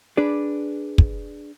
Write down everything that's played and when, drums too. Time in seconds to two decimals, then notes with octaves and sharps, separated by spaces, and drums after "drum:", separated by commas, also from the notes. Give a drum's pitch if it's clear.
0.17 D4 G#4 B4 D5
0.98 drum: kick